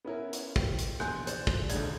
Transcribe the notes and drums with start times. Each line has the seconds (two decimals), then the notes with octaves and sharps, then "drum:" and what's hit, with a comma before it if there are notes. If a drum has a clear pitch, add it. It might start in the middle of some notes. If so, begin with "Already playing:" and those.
0.05 B3 C#4 E4 A#4
0.33 drum: hi-hat
0.56 G4, drum: kick
0.79 drum: hi-hat
1.00 A#1 E2 G#5 C6 F#6 G6, drum: rim click
1.27 C5 D5, drum: hi-hat
1.47 drum: kick
1.70 D#1 G2 D3 G#3 D5 G#6, drum: hi-hat